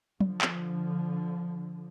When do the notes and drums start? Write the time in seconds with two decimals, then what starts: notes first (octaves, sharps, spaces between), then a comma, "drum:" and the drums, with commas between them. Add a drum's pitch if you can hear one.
0.20 D3 F3, drum: tom F#3
0.41 drum: clap